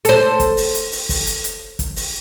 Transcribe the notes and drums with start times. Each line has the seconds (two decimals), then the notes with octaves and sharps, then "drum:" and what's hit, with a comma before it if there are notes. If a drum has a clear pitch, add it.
0.05 A4 C5, drum: hi-hat
0.40 drum: kick, hi-hat
0.57 drum: open hi-hat
0.74 drum: hi-hat
0.92 drum: open hi-hat
1.09 drum: kick, open hi-hat
1.27 drum: hi-hat
1.44 drum: hi-hat
1.79 drum: kick, hi-hat
1.96 drum: open hi-hat